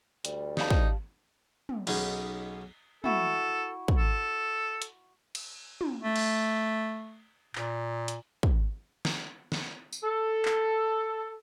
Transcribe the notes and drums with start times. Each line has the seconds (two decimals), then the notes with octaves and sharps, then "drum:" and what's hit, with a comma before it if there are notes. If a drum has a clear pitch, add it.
0.25 D2 G3, drum: hi-hat
0.57 D#4 G4 F5 A5, drum: snare
0.70 drum: kick
1.69 drum: tom
1.87 B1 B3 C#4 D#4 G#4, drum: cymbal
3.04 E4 F#4 A4, drum: tom
3.88 drum: kick
3.98 A4
4.82 drum: hi-hat
5.35 drum: cymbal
5.81 drum: tom
6.03 A3
6.16 drum: cymbal
7.55 A#2, drum: clap
8.08 drum: hi-hat
8.43 drum: kick
9.05 drum: snare
9.52 drum: snare
9.93 drum: tambourine
10.03 A4
10.45 drum: clap